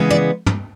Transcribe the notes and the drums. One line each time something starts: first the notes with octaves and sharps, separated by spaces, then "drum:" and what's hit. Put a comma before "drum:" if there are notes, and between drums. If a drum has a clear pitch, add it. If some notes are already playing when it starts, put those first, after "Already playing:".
Already playing: C#3 E3 G#3 B3
D5
drum: tom